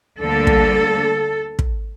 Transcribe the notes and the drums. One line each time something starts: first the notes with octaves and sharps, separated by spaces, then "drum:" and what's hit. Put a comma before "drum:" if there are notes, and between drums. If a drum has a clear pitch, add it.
D2 D3 G3 A#3 A4
drum: kick
drum: kick